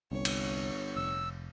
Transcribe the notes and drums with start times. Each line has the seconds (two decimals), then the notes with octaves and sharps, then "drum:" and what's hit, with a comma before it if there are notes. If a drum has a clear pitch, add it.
0.11 G1 C2 C#5
0.25 drum: cymbal
0.96 F1 E6